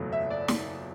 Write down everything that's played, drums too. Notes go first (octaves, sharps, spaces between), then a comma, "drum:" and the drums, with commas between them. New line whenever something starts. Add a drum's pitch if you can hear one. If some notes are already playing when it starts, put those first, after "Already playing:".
Already playing: F#1 E2 B2 F#3 A3
E5
D5
drum: snare